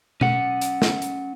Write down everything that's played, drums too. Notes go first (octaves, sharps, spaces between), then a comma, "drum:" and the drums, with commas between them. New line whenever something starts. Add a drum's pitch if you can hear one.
C#4 F#5, drum: tom B2
drum: hi-hat
drum: snare
drum: hi-hat